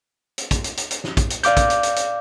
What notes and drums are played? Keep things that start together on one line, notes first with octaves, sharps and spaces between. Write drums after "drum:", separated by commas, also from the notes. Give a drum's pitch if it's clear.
drum: hi-hat
drum: kick, hi-hat
drum: hi-hat
drum: hi-hat
drum: hi-hat
drum: snare
drum: kick, hi-hat
drum: hi-hat
D5 F5 D6 G6, drum: hi-hat
drum: kick, hi-hat
drum: hi-hat
drum: hi-hat
drum: hi-hat